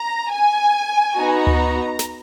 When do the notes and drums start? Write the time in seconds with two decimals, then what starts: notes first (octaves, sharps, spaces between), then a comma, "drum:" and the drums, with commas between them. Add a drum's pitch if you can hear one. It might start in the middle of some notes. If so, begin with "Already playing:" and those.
Already playing: A#5
0.30 G#5
1.16 B3 D#4 F#4 A#5
1.47 drum: tom D2
1.99 drum: snare